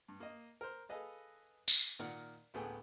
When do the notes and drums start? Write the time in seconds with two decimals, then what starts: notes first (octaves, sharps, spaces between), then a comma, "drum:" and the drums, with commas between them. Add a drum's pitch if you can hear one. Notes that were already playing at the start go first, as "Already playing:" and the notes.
0.08 G2
0.20 A#3 D#5
0.61 A#4 C5
0.89 G#4 A4 B4 D#5 F5
1.68 drum: tambourine
1.99 A#2 D#3 A#4 D5 F#5
2.54 A1 D2 A2 B3 G#4 G5